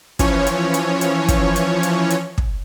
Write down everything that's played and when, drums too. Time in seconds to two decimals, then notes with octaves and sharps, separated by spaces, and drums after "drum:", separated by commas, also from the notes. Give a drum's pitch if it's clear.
0.19 E3 F3 C#4 C#5, drum: kick, hi-hat
0.47 drum: hi-hat
0.74 drum: hi-hat
1.01 drum: hi-hat
1.28 drum: kick, hi-hat
1.56 drum: hi-hat
1.83 drum: hi-hat
2.10 drum: hi-hat
2.38 drum: kick